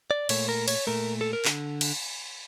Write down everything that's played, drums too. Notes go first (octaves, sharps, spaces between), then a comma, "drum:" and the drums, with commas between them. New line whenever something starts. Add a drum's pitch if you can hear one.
D5
A#2 A3 C#5, drum: cymbal
A#4
C#5, drum: cymbal
A#2 A3 A#4
A4
A#4
D3, drum: clap
drum: cymbal